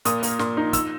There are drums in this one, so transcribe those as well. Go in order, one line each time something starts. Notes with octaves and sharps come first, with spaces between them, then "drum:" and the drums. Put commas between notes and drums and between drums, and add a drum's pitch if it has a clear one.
A#2 D#6, drum: hi-hat
A#3, drum: open hi-hat
A#2, drum: snare
D#4
E6, drum: kick, hi-hat